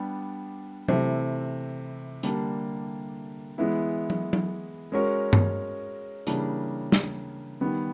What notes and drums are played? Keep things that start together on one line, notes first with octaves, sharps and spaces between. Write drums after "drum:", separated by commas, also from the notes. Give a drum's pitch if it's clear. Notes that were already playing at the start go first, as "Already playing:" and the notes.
Already playing: G3 B3 D4 G4
C3 E3 A3 C4, drum: tom F#3
D3 G3 A#3 D4, drum: hi-hat
E3 G#3 B3 E4
drum: tom F#3
drum: tom F#3
G#3 C#4 F#4 A#4 C#5
drum: tom G2
C#3 E3 G3 A#3 D4, drum: hi-hat
drum: snare
D#3 G3 B3